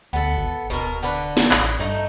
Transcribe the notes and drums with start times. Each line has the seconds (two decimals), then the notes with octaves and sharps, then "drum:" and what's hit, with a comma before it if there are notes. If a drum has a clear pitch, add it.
0.13 D2 B3 A4
0.37 G#1
0.70 D1 B2 A#4
1.03 D3 B4
1.37 drum: snare
1.51 A1, drum: clap
1.79 G2 A3 D#4 D#5